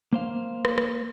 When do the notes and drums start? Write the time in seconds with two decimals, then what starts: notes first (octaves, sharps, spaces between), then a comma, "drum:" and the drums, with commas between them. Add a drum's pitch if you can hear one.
0.13 A#3 C5 F5
0.65 drum: rim click
0.78 drum: rim click